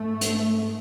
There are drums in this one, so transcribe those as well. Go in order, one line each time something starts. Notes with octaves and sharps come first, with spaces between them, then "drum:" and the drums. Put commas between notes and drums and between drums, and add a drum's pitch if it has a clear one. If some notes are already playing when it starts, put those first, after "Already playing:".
Already playing: G#2 A3
drum: hi-hat